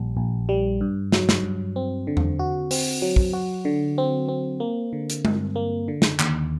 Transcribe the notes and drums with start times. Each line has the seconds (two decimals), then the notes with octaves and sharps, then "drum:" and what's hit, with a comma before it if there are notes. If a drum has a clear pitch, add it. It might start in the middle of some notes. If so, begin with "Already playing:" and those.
Already playing: A#1 G3
0.17 A#1
0.49 G3
0.81 G2
1.12 F#3, drum: snare
1.29 drum: snare
1.43 G2
1.76 C4
2.07 D3
2.17 drum: tom E2
2.39 F#4
2.71 C4, drum: open hi-hat
3.02 F#3
3.16 drum: kick
3.33 F#4
3.65 D3
3.98 C4
4.28 C4
4.60 A#3
4.93 D3
5.10 drum: hi-hat
5.25 G2, drum: tom G#3
5.56 A#3
5.88 D3
6.02 drum: snare
6.19 D#2, drum: clap